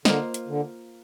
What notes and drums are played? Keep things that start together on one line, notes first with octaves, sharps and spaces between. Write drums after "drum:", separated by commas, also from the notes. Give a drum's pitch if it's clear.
D3 A#3 F4 C5 D#5, drum: snare
drum: hi-hat
D3